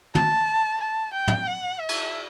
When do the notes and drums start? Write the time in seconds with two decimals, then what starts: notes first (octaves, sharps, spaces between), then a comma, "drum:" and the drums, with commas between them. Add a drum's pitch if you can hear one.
0.15 A5, drum: tom
0.81 A5
1.14 G5
1.27 drum: tom
1.47 F#5
1.79 E5
1.89 drum: cymbal